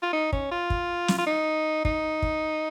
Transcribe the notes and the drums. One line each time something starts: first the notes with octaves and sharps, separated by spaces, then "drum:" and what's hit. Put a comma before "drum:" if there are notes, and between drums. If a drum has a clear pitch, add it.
F4
D#4
C#4, drum: kick
F4
drum: kick
drum: snare
F4
D#4
D#4, drum: kick
drum: kick